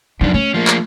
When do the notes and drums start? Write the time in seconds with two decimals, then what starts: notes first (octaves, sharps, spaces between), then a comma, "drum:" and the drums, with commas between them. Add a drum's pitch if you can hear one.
0.21 F#2 F3 D4 D#4
0.34 A3 C#4
0.54 F3 A#3
0.67 drum: clap